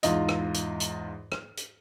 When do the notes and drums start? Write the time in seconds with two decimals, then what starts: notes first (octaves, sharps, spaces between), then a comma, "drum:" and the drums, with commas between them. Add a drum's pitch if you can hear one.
0.03 E2 G#2 F4 D#5, drum: hi-hat
0.29 drum: rim click
0.54 drum: hi-hat
0.80 drum: hi-hat
1.32 drum: rim click
1.57 drum: hi-hat